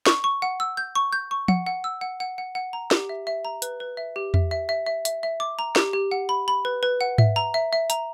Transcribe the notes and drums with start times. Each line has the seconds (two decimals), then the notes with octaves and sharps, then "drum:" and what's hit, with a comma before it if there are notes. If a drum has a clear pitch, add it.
0.06 C#6, drum: snare
0.24 C#6
0.42 F#5
0.60 E6
0.77 G6
0.95 C#6
1.13 G6
1.31 C#6
1.48 F#5, drum: tom F3
1.66 F#5
1.84 E6
2.01 F#5
2.20 F#5
2.38 F#5
2.55 F#5
2.73 A#5
2.91 G4, drum: snare
3.09 E5
3.27 E5
3.45 A#5
3.62 B4, drum: hi-hat
3.80 B4
3.97 E5
4.16 G4
4.34 E5, drum: tom E2
4.51 E5
4.69 E5
4.86 E5
5.05 E5, drum: hi-hat
5.23 E5
5.40 D6
5.59 A#5
5.76 G4, drum: snare
5.93 G4
6.11 F#5
6.29 B5
6.48 B5
6.65 B4
6.83 B4
7.01 F#5
7.18 E5, drum: tom G#2
7.36 A#5
7.54 E5
7.73 E5
7.90 A#5, drum: hi-hat